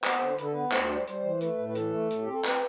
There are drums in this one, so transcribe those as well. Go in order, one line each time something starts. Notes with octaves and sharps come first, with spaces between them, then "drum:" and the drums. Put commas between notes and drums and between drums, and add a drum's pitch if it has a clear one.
B3 C5, drum: clap
D3
D3 B4, drum: hi-hat
A4
B3 B4
D2 C5, drum: clap
G3
G3 C5, drum: hi-hat
E3
A3 B4, drum: hi-hat
A2
B4
E3 A4, drum: hi-hat
A3
A2, drum: hi-hat
G4
C4
A4
C4 B4, drum: clap